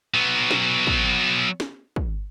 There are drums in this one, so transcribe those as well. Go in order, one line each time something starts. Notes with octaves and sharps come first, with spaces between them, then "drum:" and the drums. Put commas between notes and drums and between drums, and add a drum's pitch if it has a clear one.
F#3 B3
drum: snare
drum: kick
drum: snare
drum: kick